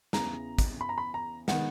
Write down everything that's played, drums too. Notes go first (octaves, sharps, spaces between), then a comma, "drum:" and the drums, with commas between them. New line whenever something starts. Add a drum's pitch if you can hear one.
E2 C#3 E3 B3 A#5, drum: snare
drum: kick, hi-hat
B5
A#5
B5
A#5
D#3 G#3 B3 F#5, drum: snare